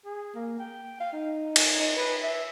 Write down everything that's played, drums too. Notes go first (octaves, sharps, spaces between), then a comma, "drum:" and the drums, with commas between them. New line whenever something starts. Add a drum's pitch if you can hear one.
G#4
A#3
G5
F5
D#4
drum: cymbal
D#4
B4
E5